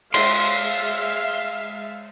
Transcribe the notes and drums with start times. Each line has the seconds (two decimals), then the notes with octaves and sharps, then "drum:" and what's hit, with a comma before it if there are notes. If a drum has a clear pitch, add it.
0.14 G#3 E5 F5 C6, drum: cymbal